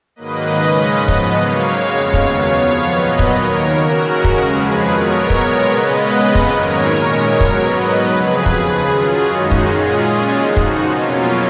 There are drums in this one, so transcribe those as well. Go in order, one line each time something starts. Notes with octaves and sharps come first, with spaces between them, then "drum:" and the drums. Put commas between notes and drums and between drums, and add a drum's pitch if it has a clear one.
G#2 D#3 F#3 A#3 B4 D#5
C#3 G#3 C#4
G#2 F3 B3
drum: kick
C#3 F#3 A#3 C#5 F5
F2 C#3 G#3
D#2 C#3 F#3 B3, drum: kick
F2 F3 B3 C#5 F5
A#2 F#3 B3 B4 D#5
drum: kick
D#2 D#3 A#3 A#4 C#5
C#3 F#3 C#4 F#4 A#4
D#2 C#3 G#3 C#4
drum: kick
F2 C#3 F3 G#3 G#4 B4
B2 F#3 B3 A#4 C#5
A#2 G#3 B3, drum: kick
C#3 G#3 B3 B4 D#5
F2 C#3 G#3 B3
drum: kick
G#2 D#3 F#3 A#3 C#4 A#4 C#5
A#2 G#3 C#4
B2 F#3 B3
drum: kick
G#2 F#3 B3 B4 D#5
F2 C#3 F#3 G#4 B4
D#2 C#3 F3, drum: kick
C#3 F#3 C#4 F4 G#4
F#2 D#3 G#3 C#4 D#4 F#4
drum: kick
A#2 G#3 C#4 F4 G#4
A#2 G#3 C#4
F2 C#3 F3 D#4 F#4
drum: kick
B2 F#3 A#3 C#4 F4